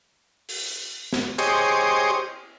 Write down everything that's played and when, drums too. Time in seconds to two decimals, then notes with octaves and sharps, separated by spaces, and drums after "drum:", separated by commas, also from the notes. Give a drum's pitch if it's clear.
0.49 drum: open hi-hat
1.13 drum: snare
1.38 G4 G#4 C5 C#5 D#5, drum: cymbal